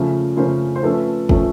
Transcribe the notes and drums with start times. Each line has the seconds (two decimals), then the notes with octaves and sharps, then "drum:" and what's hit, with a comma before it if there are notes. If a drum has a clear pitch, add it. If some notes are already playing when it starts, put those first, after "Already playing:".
Already playing: C#3 F3 A3 C#4
0.36 C#3 F3 A3 C#4 A#4 C5
0.76 C5
0.83 F3 A3 C#4 A4 B4
1.29 F3 A3 C#4, drum: kick